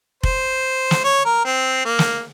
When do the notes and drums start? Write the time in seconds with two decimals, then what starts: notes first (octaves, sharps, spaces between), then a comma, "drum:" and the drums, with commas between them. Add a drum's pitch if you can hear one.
0.23 C5, drum: kick F1
0.91 drum: snare
1.04 C#5
1.25 A#4
1.45 C4
1.85 A#3
1.99 drum: snare